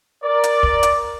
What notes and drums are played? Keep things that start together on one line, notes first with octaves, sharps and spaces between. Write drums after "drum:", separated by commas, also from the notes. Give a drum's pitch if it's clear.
A#4 D5
drum: hi-hat
drum: kick
drum: hi-hat